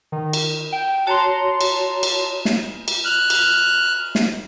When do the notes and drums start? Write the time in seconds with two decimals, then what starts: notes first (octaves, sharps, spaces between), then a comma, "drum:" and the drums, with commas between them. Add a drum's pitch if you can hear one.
0.12 D#3
0.33 drum: cymbal
0.72 G5
1.07 F#4 C#5 A5 A#5 C6
1.61 drum: cymbal
2.03 drum: cymbal
2.45 drum: snare
2.88 drum: cymbal
3.05 F6 F#6
3.30 drum: cymbal
4.15 drum: snare